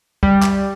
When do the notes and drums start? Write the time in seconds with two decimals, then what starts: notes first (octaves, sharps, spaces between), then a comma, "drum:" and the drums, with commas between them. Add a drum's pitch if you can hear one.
0.23 G3, drum: kick
0.43 drum: clap